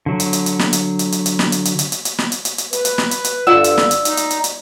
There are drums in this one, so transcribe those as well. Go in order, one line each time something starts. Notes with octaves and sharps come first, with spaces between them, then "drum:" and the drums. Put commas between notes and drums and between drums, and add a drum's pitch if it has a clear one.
D3 F#3
drum: hi-hat
drum: hi-hat
drum: hi-hat
drum: snare
drum: hi-hat
drum: hi-hat
drum: hi-hat
drum: hi-hat
drum: snare
drum: hi-hat
drum: hi-hat
drum: hi-hat
drum: hi-hat
drum: hi-hat
drum: snare
drum: hi-hat
drum: hi-hat
drum: hi-hat
B4, drum: hi-hat
drum: hi-hat
drum: snare
drum: hi-hat
drum: hi-hat
G2 D3 F4 D5 F#5 E6
drum: hi-hat
drum: snare
drum: hi-hat
D#4, drum: hi-hat
drum: hi-hat
drum: hi-hat
drum: hi-hat